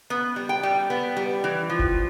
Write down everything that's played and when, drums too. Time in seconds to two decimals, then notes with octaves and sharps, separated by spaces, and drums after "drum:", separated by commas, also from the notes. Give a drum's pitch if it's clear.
0.10 B3
0.36 G3
0.49 G5
0.63 G3
0.90 B3
1.17 G3
1.44 E3
1.70 F3
1.79 drum: kick F#1